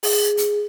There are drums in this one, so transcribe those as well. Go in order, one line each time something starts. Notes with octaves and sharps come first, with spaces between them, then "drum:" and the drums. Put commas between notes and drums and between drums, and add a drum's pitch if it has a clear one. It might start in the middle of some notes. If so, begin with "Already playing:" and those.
G#4, drum: open hi-hat
drum: hi-hat